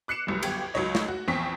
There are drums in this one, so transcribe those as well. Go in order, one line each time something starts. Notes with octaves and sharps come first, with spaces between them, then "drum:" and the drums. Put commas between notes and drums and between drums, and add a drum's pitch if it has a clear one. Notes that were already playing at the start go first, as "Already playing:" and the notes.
D6 F#6 C7 C#7 E7
F1 C2 F#2
G1 F#2 G4 G#6, drum: cymbal
C#2 F#3 D#4 C#5 D#5
drum: snare
F#4
A#1 E2 C4 C#6 B6